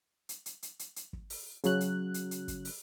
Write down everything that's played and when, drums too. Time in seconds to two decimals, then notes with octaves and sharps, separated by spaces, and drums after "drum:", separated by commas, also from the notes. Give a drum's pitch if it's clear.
0.29 drum: hi-hat
0.46 drum: hi-hat
0.63 drum: hi-hat
0.79 drum: hi-hat
0.96 drum: hi-hat
1.13 drum: kick
1.30 drum: open hi-hat
1.64 C#3 F#3 F#6, drum: hi-hat
1.81 drum: hi-hat
2.14 drum: hi-hat
2.31 drum: hi-hat
2.48 drum: kick, hi-hat
2.65 drum: open hi-hat